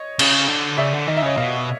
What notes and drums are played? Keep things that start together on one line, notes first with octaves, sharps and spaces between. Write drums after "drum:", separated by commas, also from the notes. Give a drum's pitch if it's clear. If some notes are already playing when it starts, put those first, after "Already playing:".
Already playing: C#5 D#5
C#3, drum: cymbal
D3
C#3 D5 E5
D3
D#3 D#5
E5
C#3 C#5 D#5
B2 D#5 F5